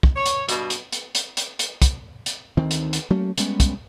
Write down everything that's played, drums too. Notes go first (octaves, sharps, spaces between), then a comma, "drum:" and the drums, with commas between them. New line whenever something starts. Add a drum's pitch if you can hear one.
drum: kick
C#5
drum: hi-hat
G2 B2, drum: hi-hat
drum: hi-hat
drum: hi-hat
drum: hi-hat
drum: hi-hat
drum: hi-hat
drum: kick, hi-hat
drum: hi-hat
D2 D#3 C4
drum: hi-hat
drum: hi-hat
F#3 A3 A#3 C#4
G3 G#3 B3 C#4, drum: hi-hat
drum: kick, hi-hat